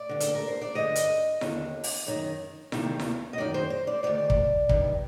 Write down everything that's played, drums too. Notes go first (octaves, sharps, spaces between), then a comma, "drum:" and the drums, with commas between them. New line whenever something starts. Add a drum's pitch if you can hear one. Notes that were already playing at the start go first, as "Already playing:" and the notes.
Already playing: D5
G2 D3
A4, drum: hi-hat
A#4
C5
D5
G2 D3 D#5
drum: hi-hat
D#2 D3, drum: snare E4
drum: open hi-hat
F#2 D#3
D2 C3 D#3, drum: snare E4
drum: snare E4
D#5
F#2 D#3 D5
C5
C5
D5
D2 C3 D#3 D5
drum: kick
G2 D#3, drum: kick